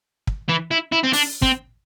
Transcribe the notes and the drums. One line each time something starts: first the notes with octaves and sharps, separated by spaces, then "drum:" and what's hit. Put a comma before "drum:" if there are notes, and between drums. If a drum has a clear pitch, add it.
drum: kick
E3
E4
E4
C4
D4, drum: open hi-hat
C4, drum: kick